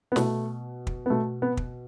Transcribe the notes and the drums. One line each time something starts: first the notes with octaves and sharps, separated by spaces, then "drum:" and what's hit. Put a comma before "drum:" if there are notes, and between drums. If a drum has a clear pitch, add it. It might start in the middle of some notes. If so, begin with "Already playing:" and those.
B3
B2 A3, drum: snare
drum: kick
B3
B2 A3
B3
drum: kick